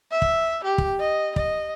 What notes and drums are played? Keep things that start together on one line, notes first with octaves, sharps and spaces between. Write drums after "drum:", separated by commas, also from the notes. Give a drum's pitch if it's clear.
E5
drum: kick
G4
drum: kick
D#5
D#5, drum: kick